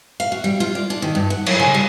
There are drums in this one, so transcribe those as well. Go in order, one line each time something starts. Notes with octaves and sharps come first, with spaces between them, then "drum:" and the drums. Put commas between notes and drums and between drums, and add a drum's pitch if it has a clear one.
F5
F#4
G3
F4
D5
D4
D#3
G2
F#5
F#3, drum: cymbal
C#3
G3